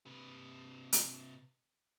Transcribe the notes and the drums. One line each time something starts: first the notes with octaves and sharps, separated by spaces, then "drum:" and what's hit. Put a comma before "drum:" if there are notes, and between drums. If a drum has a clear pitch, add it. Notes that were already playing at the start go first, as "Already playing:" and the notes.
C3 B4
drum: hi-hat